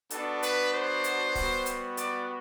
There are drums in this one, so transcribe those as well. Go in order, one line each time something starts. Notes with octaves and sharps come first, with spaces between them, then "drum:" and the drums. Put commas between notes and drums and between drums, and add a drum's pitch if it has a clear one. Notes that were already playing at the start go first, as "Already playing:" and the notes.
B3 D4 F#4 A4, drum: hi-hat
B4, drum: hi-hat
C5
drum: hi-hat
G3 B3 F#4, drum: kick, open hi-hat
drum: hi-hat
D5, drum: hi-hat